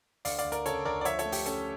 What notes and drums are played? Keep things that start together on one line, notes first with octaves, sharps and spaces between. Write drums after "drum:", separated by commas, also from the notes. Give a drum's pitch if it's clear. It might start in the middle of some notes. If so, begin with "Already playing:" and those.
D2 D5 F5, drum: open hi-hat
D5 F5, drum: hi-hat
D2
A#4 D5, drum: hi-hat
C#3 A4 C#5, drum: hi-hat
D2 A#4 D5
D5
F3 C#5 E5, drum: hi-hat
A4 C#5, drum: hi-hat
A3
G4, drum: open hi-hat
C#4 A4, drum: hi-hat